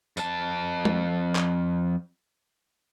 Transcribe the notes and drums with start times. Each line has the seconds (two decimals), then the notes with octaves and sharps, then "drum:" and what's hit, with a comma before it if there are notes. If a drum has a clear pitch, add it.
0.17 F2 A5, drum: tambourine
0.85 drum: tom
1.35 drum: clap